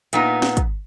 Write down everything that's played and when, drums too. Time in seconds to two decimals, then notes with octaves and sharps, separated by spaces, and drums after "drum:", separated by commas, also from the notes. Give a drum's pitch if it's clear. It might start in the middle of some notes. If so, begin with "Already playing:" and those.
0.13 A#2 B3 D#4, drum: hi-hat
0.42 drum: snare
0.57 drum: kick, hi-hat